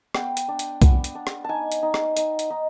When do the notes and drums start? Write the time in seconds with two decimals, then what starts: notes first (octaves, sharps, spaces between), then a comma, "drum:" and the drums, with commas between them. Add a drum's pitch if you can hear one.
0.15 B3 G5, drum: rim click
0.37 drum: hi-hat
0.48 D4
0.59 drum: hi-hat
0.82 B3, drum: kick B1, hi-hat
1.04 drum: hi-hat
1.15 D4
1.27 drum: rim click
1.44 D#4 G#5 A5
1.72 drum: hi-hat
1.83 D#4
1.94 drum: rim click
2.17 D#4, drum: hi-hat
2.39 drum: hi-hat
2.50 D#4